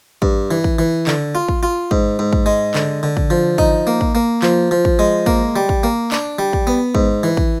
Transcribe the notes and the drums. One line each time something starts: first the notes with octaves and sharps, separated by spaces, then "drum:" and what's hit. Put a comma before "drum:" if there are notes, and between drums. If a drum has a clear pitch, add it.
G2, drum: kick
E3
drum: kick
E3
D3, drum: clap
F4
drum: kick
F4
G#2, drum: kick
G#2
drum: kick
G#3
D3, drum: clap
D3
drum: kick
F3
D#4, drum: kick
A#3
drum: kick
A#3
F3, drum: clap
F3
drum: kick
G#3
A#3, drum: kick
G3
drum: kick
A#3
D4, drum: clap
G3
drum: kick
B3
G#2, drum: kick
E3
drum: kick